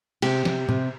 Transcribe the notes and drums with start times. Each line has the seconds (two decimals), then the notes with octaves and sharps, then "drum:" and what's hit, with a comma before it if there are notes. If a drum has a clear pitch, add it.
0.22 C3 G4, drum: cymbal
0.45 C3, drum: snare
0.69 C3, drum: tom